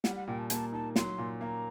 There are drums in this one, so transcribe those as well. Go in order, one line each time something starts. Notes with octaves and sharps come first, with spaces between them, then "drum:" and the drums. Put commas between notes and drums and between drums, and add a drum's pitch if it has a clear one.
G3 F#5, drum: snare
F#5
A#2 G5
A5
A#3 A5, drum: hi-hat
D#4 A5
F#3 C6, drum: snare
A#2
A#3 A#5